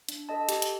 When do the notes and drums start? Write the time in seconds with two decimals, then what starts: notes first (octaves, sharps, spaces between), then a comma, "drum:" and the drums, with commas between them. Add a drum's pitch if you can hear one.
0.09 D4, drum: hi-hat
0.29 A4 D#5 A5
0.49 G4, drum: hi-hat
0.62 drum: hi-hat